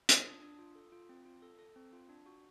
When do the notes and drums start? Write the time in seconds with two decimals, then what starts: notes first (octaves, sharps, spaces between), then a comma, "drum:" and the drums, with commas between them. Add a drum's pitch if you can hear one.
0.09 F4 D#6, drum: hi-hat
0.26 D4
0.42 D4
0.59 F4
0.75 A4
0.92 F4
1.09 C4
1.25 F4
1.42 A4
1.59 A4
1.76 C4
1.93 F4
2.09 D4
2.26 F#4